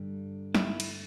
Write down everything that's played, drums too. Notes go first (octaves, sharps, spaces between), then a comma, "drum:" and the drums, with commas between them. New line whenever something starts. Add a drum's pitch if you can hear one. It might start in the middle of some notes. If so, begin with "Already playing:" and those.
Already playing: G2 D3 G3
E4, drum: snare
drum: cymbal